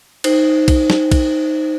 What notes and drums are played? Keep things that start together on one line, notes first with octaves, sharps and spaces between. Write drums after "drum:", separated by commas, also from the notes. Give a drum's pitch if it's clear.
D#4 C5, drum: cymbal
drum: kick B1, cymbal
drum: snare
drum: kick B1, cymbal